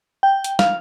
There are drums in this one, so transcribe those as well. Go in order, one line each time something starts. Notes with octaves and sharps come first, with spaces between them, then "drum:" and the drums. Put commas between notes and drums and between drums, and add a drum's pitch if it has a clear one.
G5
drum: hi-hat
F5, drum: snare